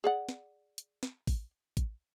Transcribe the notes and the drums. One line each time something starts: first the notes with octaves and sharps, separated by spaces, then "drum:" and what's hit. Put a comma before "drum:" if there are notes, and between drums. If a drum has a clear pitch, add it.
G#4 D5 F#5
drum: snare
drum: hi-hat
drum: snare
drum: kick, open hi-hat
drum: kick, hi-hat